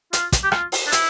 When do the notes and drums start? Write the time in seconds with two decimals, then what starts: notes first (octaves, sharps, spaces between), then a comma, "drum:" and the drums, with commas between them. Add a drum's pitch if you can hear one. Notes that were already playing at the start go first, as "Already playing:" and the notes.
0.13 F4, drum: hi-hat
0.32 drum: kick, hi-hat
0.44 G4
0.52 F4, drum: rim click
0.72 drum: open hi-hat
0.87 D4
0.92 E4, drum: hi-hat